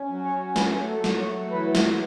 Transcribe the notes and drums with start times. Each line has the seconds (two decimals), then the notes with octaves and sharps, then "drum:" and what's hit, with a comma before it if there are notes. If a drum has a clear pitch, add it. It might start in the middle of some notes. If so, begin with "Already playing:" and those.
Already playing: C#4
0.08 F#3
0.25 C#5
0.56 A3 B4, drum: snare
0.88 A4
1.04 F#3, drum: snare
1.20 C#5
1.50 E3 B4
1.75 drum: snare